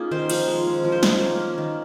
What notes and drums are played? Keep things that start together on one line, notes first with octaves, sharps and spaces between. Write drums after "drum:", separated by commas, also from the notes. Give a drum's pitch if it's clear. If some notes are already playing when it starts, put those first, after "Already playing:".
Already playing: A#3 C#4 D#4 F4 G#4
D#3 C5
F3, drum: cymbal
G#3
C#4
F3
C5
D#3 C#5, drum: snare
A#3
C#4
D#3